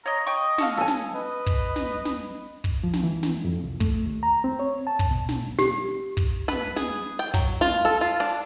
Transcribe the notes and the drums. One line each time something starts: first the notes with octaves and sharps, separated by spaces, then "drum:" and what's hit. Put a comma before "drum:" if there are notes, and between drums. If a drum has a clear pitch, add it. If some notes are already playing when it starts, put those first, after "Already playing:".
C#5 D#5 A#5
D#5 G5 C#6
F#4 A4 F5, drum: snare
C#3 A4 G#5
drum: snare
B4 D#5
drum: kick
drum: snare
drum: snare
drum: kick
F3
drum: snare
E3
drum: snare
F2
C2
A3, drum: kick
D#2
A#5
C4
C#5
A5
drum: kick
B2
drum: snare
G4, drum: snare
drum: kick
B4, drum: snare
G#4, drum: snare
G5
F#3, drum: kick
F4, drum: snare
A4
F4
D4